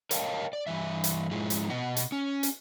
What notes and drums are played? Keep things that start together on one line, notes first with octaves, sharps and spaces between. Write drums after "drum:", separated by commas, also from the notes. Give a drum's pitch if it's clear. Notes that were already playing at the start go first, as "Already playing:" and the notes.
A#4 C#5 D#5 F5 G5 A5, drum: hi-hat
D5
G2 D#3 E3 E5
drum: hi-hat
G#2 F3 G#3 E4
drum: hi-hat
B2 B3 D#5 F#5
drum: hi-hat
C#4
drum: hi-hat